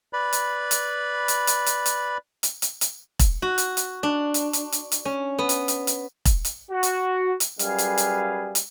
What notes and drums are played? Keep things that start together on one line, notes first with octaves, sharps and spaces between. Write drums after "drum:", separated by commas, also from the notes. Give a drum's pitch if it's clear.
B4 D5 B5
drum: hi-hat
drum: hi-hat
drum: hi-hat
drum: hi-hat
drum: hi-hat
drum: hi-hat
drum: hi-hat
drum: hi-hat
drum: hi-hat
drum: kick E1, hi-hat
F#4
drum: hi-hat
drum: hi-hat
D4
drum: hi-hat
drum: hi-hat
drum: hi-hat
drum: hi-hat
C#4
B3
drum: hi-hat
drum: hi-hat
drum: hi-hat
drum: kick E1, hi-hat
drum: hi-hat
F#4
drum: hi-hat
drum: hi-hat
F#2 G3 G#4 B4 F5, drum: hi-hat
drum: hi-hat
drum: hi-hat
drum: hi-hat